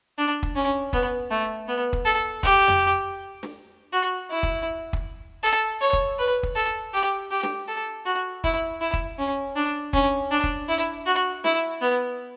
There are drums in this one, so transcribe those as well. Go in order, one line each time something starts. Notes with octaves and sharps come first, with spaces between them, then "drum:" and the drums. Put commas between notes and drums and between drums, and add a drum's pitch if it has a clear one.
D4
drum: kick
C#4
B3, drum: kick
A3
B3
drum: kick
A4
G4, drum: kick
drum: tom F2
drum: snare
F#4
E4
drum: kick
drum: kick
A4
C#5
drum: kick
B4
drum: kick
A4
G4
G4
drum: snare
A4
F#4
E4, drum: kick
E4
drum: kick
C#4
D4
C#4, drum: kick
D4
drum: kick
E4
F#4
E4, drum: snare
B3